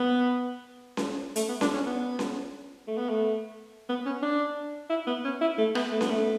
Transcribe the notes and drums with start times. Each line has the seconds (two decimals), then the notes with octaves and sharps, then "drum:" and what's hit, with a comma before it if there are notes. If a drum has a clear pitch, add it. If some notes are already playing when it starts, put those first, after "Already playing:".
Already playing: B3
0.97 drum: snare C#4
1.36 A3, drum: hi-hat
1.49 B3
1.61 D4, drum: snare C#4
1.74 C#4
1.86 B3
2.19 drum: snare C#4
2.87 A3
2.98 B3
3.09 A3
3.89 B3
4.06 C#4
4.23 D4
4.90 E4
5.07 B3
5.25 C#4
5.41 E4
5.58 A3
5.75 B3, drum: rim click
5.91 A3
6.01 B3, drum: snare C#4
6.10 A3